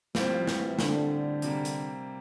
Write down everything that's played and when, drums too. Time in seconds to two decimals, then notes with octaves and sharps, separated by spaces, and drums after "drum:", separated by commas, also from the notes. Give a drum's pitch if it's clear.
0.15 A2 F3 G3 C4 F4, drum: snare
0.47 E3, drum: snare
0.79 D3, drum: snare
1.42 C3 G3 A#3, drum: hi-hat
1.65 drum: hi-hat